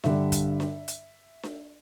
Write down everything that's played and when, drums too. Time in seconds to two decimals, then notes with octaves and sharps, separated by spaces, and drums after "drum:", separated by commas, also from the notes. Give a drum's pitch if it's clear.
0.04 G2 D3 G3 E5, drum: snare D4
0.32 drum: kick, hi-hat
0.60 drum: snare D4
0.88 drum: hi-hat
1.43 drum: snare D4